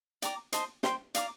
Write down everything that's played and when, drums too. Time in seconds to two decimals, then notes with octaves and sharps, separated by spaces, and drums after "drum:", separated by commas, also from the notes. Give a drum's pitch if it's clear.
0.22 D5 G5 A#5 D6, drum: hi-hat
0.52 C5 D#5 A5 C6, drum: hi-hat
0.83 C5 G5 C6, drum: snare
1.15 D5 F5 A#5 D6, drum: hi-hat